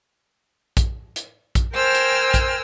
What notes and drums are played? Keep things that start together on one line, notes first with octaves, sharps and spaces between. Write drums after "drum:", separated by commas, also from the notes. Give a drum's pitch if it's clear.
drum: kick, hi-hat
drum: hi-hat
drum: kick, hi-hat
A#4 C5 G5 G#5 E6 F6
drum: hi-hat
drum: kick, hi-hat